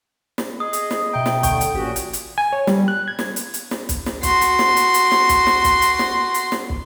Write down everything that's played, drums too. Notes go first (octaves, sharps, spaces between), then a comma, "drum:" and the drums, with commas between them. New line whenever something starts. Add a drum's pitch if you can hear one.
drum: snare
G#4 D#5 D#6
drum: hi-hat
drum: snare
B2 E5 G5 A#5
drum: snare
D#2 D3 G5 C#6, drum: kick, hi-hat
drum: hi-hat
A1 A#2 C#4 F#4 G4
drum: hi-hat
drum: hi-hat
G#5
C#5
G3, drum: snare
F#6
G#6
drum: snare
drum: hi-hat
drum: hi-hat
drum: snare
drum: kick, hi-hat
drum: snare
F#4 C6, drum: kick, hi-hat
drum: hi-hat
drum: snare
drum: hi-hat
drum: hi-hat
drum: snare
drum: kick, hi-hat
drum: snare
drum: kick, hi-hat
drum: hi-hat
drum: snare
drum: hi-hat
drum: snare
drum: kick